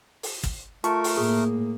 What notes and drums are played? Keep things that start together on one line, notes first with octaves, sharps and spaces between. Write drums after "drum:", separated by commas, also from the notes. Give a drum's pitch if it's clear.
drum: open hi-hat
drum: kick, hi-hat
A3 F4 A#4 A5 C#6, drum: hi-hat
drum: open hi-hat
A2 A#3 G#4